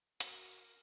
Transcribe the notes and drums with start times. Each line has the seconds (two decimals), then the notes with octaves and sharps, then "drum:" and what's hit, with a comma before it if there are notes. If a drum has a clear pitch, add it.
0.20 F#4 A#4, drum: hi-hat